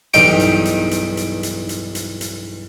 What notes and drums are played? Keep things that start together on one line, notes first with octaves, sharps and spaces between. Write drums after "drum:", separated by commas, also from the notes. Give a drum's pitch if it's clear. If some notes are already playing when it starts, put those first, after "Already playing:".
B1 E2 G2 D#4 G5 D6, drum: hi-hat
drum: hi-hat
drum: hi-hat
drum: hi-hat
drum: hi-hat
drum: hi-hat
drum: hi-hat
drum: hi-hat
drum: hi-hat